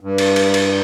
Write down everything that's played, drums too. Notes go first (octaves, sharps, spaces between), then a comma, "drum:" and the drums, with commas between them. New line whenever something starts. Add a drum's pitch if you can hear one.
G2
drum: cymbal
drum: cymbal
drum: cymbal